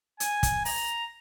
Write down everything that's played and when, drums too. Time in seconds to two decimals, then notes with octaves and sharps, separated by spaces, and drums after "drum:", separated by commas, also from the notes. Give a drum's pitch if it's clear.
0.20 G#5, drum: hi-hat
0.43 drum: kick, hi-hat
0.65 A#5, drum: open hi-hat